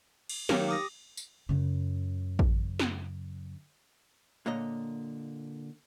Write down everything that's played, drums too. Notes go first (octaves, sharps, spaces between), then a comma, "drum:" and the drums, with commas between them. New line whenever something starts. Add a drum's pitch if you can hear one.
drum: cymbal
D#3 F#3 A#3 G4, drum: snare
D6 D#6 A#6
drum: tambourine
F#2 C#3
drum: kick
drum: snare
A#2 D3 A#3 C#5 D#5